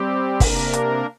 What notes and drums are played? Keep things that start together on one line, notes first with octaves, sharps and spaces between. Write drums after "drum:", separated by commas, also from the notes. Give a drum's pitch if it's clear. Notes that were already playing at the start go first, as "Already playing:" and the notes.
Already playing: G3 C4 G4
C3 A#3 D4 A#4, drum: kick, open hi-hat
drum: hi-hat